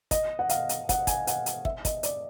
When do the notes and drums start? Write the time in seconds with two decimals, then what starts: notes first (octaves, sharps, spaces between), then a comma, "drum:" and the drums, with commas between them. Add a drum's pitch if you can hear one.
0.11 D#5, drum: kick, hi-hat
0.39 F#5
0.49 F5, drum: hi-hat
0.69 drum: hi-hat
0.89 F#5, drum: kick, hi-hat
1.07 G#5, drum: kick, hi-hat
1.27 F#5, drum: hi-hat
1.46 drum: hi-hat
1.65 E5, drum: kick
1.85 D#5, drum: kick, hi-hat
2.03 D5, drum: hi-hat